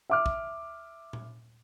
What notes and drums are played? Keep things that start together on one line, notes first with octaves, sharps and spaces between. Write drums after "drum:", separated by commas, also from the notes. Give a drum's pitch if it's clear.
E5 D6 F6
drum: kick
drum: tom A#2